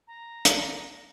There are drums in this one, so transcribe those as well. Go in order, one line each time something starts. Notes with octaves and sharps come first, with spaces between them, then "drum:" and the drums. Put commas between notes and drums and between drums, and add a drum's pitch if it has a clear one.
A#5
drum: hi-hat